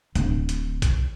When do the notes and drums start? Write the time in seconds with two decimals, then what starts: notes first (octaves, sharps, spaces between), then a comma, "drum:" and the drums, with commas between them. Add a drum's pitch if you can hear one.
0.15 D1, drum: hi-hat
0.49 drum: hi-hat
0.82 drum: kick A#1, hi-hat